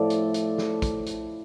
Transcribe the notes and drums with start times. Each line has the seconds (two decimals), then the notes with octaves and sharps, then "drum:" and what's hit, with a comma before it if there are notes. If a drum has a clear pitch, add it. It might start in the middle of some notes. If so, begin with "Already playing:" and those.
Already playing: A2 F3 A4 D5
0.10 drum: hi-hat
0.34 drum: hi-hat
0.58 drum: snare
0.82 drum: kick, hi-hat
1.06 drum: hi-hat